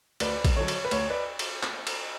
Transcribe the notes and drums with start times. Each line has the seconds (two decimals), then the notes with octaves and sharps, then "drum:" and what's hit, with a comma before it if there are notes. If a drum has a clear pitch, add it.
0.20 D2 B4 D5, drum: cymbal
0.45 drum: kick A#1, cymbal
0.56 D3 F#3 C#5
0.68 drum: cymbal
0.85 B4
0.91 D2 C#5, drum: cymbal
1.10 B4 D5
1.39 drum: cymbal
1.63 drum: clap
1.87 drum: cymbal